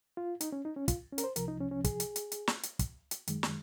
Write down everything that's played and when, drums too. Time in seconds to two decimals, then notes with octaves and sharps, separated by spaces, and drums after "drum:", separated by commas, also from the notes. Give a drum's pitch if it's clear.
0.17 F4
0.41 D#4, drum: hi-hat
0.52 C#4
0.65 D#4
0.76 C#4
0.88 F4, drum: kick, hi-hat
1.12 C#4
1.18 A#4, drum: hi-hat
1.24 C5
1.36 C2 C3 F3 A#4, drum: hi-hat
1.48 D#4
1.61 C#4
1.71 C#4
1.84 G#4, drum: kick, hi-hat
2.00 drum: hi-hat
2.16 drum: hi-hat
2.32 drum: hi-hat
2.47 drum: snare
2.63 drum: hi-hat
2.79 drum: kick, hi-hat
3.11 drum: hi-hat
3.27 F#2 D#3 G#3, drum: hi-hat
3.43 drum: snare